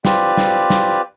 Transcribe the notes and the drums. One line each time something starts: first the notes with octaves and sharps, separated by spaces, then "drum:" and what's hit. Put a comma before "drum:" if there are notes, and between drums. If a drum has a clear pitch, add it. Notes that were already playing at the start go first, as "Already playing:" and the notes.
C4 F4 G4 B4 D5, drum: snare
drum: snare
drum: snare